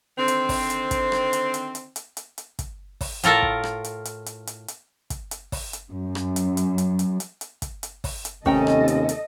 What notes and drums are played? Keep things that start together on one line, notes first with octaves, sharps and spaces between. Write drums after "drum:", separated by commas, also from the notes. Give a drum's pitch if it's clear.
D3 D#3 C4
drum: hi-hat
drum: kick, open hi-hat
drum: hi-hat
drum: kick, hi-hat
drum: rim click
drum: hi-hat
drum: hi-hat
drum: hi-hat
drum: hi-hat
drum: hi-hat
drum: hi-hat
drum: kick, hi-hat
drum: kick, open hi-hat
A2 F4 A4 A#4, drum: hi-hat
drum: kick
drum: rim click
drum: hi-hat
drum: hi-hat
drum: hi-hat
drum: hi-hat
drum: hi-hat
drum: kick, hi-hat
drum: hi-hat
drum: kick, open hi-hat
drum: hi-hat
F#2
drum: rim click
drum: hi-hat
drum: hi-hat
drum: hi-hat
drum: hi-hat
drum: hi-hat
drum: hi-hat
drum: kick, hi-hat
drum: hi-hat
drum: kick, open hi-hat
drum: hi-hat
D#2 C3 A3 C#4 A4 D#5 G5 A#5, drum: kick
drum: rim click
drum: hi-hat
drum: hi-hat